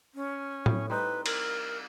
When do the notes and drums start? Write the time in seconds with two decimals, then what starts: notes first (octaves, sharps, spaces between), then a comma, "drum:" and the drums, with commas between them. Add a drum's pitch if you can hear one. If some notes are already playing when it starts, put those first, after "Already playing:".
0.15 C#4
0.66 A2, drum: tom A2
0.90 G3 C4 D#4 B4
1.26 A#4, drum: cymbal